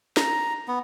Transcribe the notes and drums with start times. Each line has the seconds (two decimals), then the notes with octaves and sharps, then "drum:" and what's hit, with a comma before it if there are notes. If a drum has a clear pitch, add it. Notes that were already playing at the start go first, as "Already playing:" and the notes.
0.17 A#5, drum: snare
0.68 B3